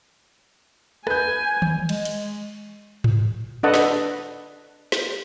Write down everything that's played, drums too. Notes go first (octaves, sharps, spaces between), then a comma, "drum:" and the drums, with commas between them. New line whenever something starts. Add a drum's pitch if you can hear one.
B4 G#5 G6, drum: rim click
drum: tom D#3
G#3, drum: cymbal
drum: hi-hat
drum: tom G#2
D4 A4 B4 D#5 F#5 A5
drum: snare
drum: snare